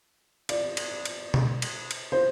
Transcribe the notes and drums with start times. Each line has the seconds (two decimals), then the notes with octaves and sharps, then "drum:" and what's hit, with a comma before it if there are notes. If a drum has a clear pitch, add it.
0.49 D5, drum: cymbal
0.77 drum: cymbal
1.05 drum: cymbal
1.34 drum: tom B2
1.62 drum: cymbal
1.91 drum: cymbal
2.12 C5